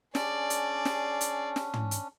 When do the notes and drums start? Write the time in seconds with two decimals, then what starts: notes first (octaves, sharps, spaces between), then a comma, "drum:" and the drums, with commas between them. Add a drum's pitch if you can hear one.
0.15 C#4 D4 G#4 D5, drum: snare
0.50 drum: hi-hat
0.85 drum: snare
1.21 drum: hi-hat
1.56 drum: snare
1.74 drum: tom
1.91 drum: hi-hat